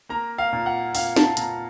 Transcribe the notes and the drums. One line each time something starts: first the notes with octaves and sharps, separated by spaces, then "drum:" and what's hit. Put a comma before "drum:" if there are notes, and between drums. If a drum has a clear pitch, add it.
A#3 A#5
F5
A#2
F#5
A#2 F5, drum: open hi-hat
A5, drum: snare
A#2 A#5, drum: hi-hat